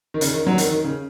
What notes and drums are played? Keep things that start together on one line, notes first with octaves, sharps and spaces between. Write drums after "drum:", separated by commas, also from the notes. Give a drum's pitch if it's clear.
D#3
C#3, drum: hi-hat
D#3
F#3
D#3, drum: hi-hat
D#3
C#3